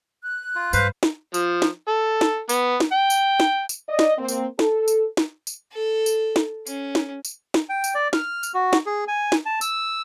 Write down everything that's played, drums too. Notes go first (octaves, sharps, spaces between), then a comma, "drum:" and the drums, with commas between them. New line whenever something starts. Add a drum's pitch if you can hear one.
F#6
F4
G2 B4 C5 F5, drum: tambourine
drum: snare
F3, drum: tambourine
drum: snare
A4
drum: snare
B3, drum: tambourine
drum: snare
G5
drum: tambourine
drum: snare
drum: tambourine
D5 D#5
drum: snare
A#3 C4
drum: tambourine
A4, drum: snare
drum: tambourine
drum: snare
drum: tambourine
A4
drum: tambourine
drum: snare
C#4, drum: tambourine
drum: snare
drum: tambourine
drum: snare
G5
drum: tambourine
D5
F6, drum: snare
drum: tambourine
F#4
drum: snare
G#4
G#5
drum: snare
A5
E6, drum: tambourine